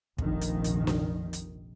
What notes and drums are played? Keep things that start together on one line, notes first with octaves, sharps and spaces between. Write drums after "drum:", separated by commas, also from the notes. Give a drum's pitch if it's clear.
F1 A#1 D#3, drum: kick
drum: hi-hat
drum: hi-hat
drum: snare D4
drum: hi-hat